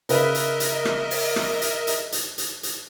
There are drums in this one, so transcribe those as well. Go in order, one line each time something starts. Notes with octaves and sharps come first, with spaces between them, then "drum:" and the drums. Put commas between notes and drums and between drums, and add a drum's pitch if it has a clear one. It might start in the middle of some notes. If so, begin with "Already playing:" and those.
C#3 A#4 B4 D#5 E5, drum: hi-hat
drum: hi-hat
drum: hi-hat
drum: rim click
drum: open hi-hat
drum: rim click
drum: hi-hat
drum: hi-hat
drum: hi-hat
drum: hi-hat
drum: hi-hat